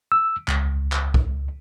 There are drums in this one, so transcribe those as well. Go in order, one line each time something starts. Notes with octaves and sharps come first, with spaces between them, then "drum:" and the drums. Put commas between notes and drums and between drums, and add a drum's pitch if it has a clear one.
E6
C#2, drum: clap
drum: clap
drum: kick B1